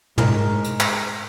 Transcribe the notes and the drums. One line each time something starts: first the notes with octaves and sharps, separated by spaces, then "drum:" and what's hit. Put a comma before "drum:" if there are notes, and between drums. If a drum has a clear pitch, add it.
G#2 A#4 A#5, drum: tom
drum: hi-hat
drum: clap